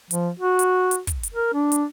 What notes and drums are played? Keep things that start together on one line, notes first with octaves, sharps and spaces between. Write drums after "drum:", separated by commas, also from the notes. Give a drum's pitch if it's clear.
F3, drum: hi-hat
F#4
drum: hi-hat
drum: hi-hat
drum: kick, hi-hat
drum: hi-hat
A#4
D4
drum: hi-hat